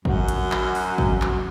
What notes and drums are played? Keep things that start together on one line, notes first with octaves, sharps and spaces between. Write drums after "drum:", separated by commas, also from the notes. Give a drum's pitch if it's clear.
F#2 F#4, drum: kick G#1
drum: hi-hat
drum: clap
drum: open hi-hat
drum: kick G#1
drum: clap